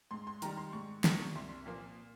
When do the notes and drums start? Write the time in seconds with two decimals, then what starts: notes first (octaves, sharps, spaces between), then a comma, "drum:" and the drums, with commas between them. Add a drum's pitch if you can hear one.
0.11 G#2 C6
0.27 C6
0.42 D#3 G3 A#5, drum: hi-hat
0.57 C6
0.73 G#2 C#6
1.04 G3 A#3, drum: snare
1.35 C2 C6
1.66 A#2 F3 A#3